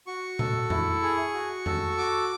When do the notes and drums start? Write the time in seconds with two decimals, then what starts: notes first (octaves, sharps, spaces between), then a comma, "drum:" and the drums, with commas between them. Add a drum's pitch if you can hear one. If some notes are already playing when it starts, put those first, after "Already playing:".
0.07 F#4 C#6
0.39 A4, drum: tom A#2
0.70 E4, drum: tom F2
1.02 G#4
1.34 F#4
1.66 A4, drum: tom F2
1.97 F#4 D6